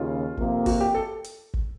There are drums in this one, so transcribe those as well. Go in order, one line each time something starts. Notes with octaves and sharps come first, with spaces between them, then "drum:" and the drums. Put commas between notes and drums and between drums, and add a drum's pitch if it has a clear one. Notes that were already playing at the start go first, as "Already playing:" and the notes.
Already playing: D#2 C#3 F4
F2 C3 F3 A#3, drum: kick G1
F#4, drum: kick G1, open hi-hat
G4
A4
drum: hi-hat
drum: kick G1